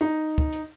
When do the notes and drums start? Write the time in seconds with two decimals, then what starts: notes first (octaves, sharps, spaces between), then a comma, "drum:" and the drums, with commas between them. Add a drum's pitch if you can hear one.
0.01 D#4
0.38 drum: kick
0.53 drum: hi-hat